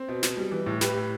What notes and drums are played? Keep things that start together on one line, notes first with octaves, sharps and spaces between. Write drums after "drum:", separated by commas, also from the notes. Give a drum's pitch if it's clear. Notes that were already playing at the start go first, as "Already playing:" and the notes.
Already playing: C4
B2
B2, drum: snare
G3
E3
A2
A2 G4 B4, drum: snare
A2